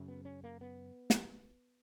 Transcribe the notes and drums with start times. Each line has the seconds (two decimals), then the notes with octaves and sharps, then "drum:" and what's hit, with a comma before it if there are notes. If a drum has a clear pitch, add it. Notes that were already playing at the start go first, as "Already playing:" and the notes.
Already playing: F#2 C#3
0.08 B3
0.25 C#4
0.44 A#3
0.61 B3
1.10 drum: snare